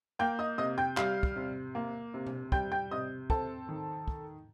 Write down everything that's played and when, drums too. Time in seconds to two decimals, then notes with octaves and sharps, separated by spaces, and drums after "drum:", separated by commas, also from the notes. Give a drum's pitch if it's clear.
0.19 A#3 G5 G6
0.39 D#5 D#6
0.58 C3 D#5 D#6
0.78 G5 G6
0.97 G3 F5 F6, drum: clap
1.23 drum: kick
1.36 C3
1.75 A#3
2.14 C3
2.27 drum: tom B2
2.52 G3 G5 G6, drum: kick
2.72 G5 G6
2.91 C3 D#5 D#6
3.30 C4 A4 A5, drum: kick
3.69 D#3
4.08 drum: kick